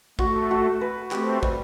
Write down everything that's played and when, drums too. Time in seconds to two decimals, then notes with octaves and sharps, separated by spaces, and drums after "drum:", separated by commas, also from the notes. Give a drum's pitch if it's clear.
0.19 A3 F#4, drum: kick
0.51 F#4
0.81 B4
1.11 A3 C4 G4, drum: clap
1.43 G3, drum: kick